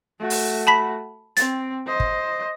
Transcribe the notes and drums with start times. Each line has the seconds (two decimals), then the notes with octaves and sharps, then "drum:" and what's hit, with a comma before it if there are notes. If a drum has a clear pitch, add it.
0.19 A3 F#4
0.30 drum: open hi-hat
0.67 A5 B5 B6
1.37 C4 A6, drum: hi-hat
1.87 C5 D#5
2.00 drum: kick